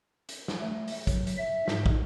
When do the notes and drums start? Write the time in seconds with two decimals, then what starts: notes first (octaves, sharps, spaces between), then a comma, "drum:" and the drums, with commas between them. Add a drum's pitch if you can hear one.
0.29 drum: hi-hat
0.48 drum: snare
0.61 A3
0.88 drum: open hi-hat
1.07 F#3, drum: kick, hi-hat
1.27 drum: hi-hat
1.38 E5
1.68 G#2, drum: snare
1.86 drum: kick